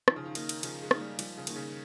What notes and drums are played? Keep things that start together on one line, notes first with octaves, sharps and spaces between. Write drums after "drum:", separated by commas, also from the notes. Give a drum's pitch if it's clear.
D#3 F3, drum: rim click
C#3
D#3
A#3 D#4 A#4, drum: cymbal
drum: cymbal
C#3 F3, drum: cymbal
G#3
A#3 D#4 A#4, drum: rim click
G3
F3 G3, drum: cymbal
C#3
D#3 A#3 D#4 A#4, drum: cymbal
C#3